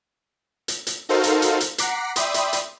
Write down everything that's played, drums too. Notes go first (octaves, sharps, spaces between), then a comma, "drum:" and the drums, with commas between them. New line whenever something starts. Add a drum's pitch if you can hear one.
drum: hi-hat
drum: hi-hat
D#4 F#4 A4 A#4 C5 F5
drum: hi-hat
drum: hi-hat
drum: hi-hat
F#5 A#5 D6 B6 C7, drum: hi-hat
D5 E5 G5 B5 C6 D#6, drum: hi-hat
drum: hi-hat
drum: hi-hat